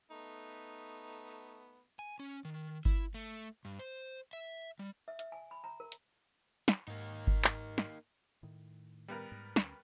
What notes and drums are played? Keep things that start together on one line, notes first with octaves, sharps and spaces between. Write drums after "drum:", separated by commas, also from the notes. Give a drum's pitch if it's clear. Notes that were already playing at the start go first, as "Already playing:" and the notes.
A3 B3 D#4
G#5
C#4
D#3
E4, drum: kick G1
A3
G2
C5
E5
G3
E5
E5, drum: hi-hat
G#5
B5
A#5
A#4
drum: hi-hat
drum: snare
G#2 A#3 D#4
drum: kick G1
drum: clap
drum: snare
A2 D#3
G3 B3 A#4
G#2
D2 C#4, drum: snare